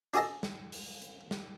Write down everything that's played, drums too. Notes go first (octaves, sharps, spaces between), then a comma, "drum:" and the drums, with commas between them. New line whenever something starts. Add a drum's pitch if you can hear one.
D4 F#4 G#4 A4 D#5 A5, drum: hi-hat
drum: snare
drum: open hi-hat
drum: hi-hat
drum: snare